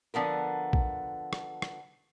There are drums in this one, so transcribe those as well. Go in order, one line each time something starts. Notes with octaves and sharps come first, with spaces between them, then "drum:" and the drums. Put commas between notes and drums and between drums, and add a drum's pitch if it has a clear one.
D3 F3 B3 A#4
drum: kick A#1
drum: rim click
drum: rim click